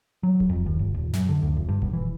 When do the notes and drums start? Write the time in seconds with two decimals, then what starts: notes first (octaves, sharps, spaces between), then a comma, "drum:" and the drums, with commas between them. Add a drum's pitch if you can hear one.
0.23 F#3
0.40 drum: kick D#1
0.49 F2
0.66 D#2
0.79 G1
0.94 D#1
1.14 F#2, drum: snare
1.29 D3
1.42 D2
1.57 F1
1.69 G2
1.82 B1, drum: kick D#1
1.93 E3